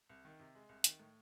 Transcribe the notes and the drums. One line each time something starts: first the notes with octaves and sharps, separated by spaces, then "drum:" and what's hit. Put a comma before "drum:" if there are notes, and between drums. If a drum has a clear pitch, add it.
C2
D#3
C3
G#3
C2
D#3, drum: hi-hat
A2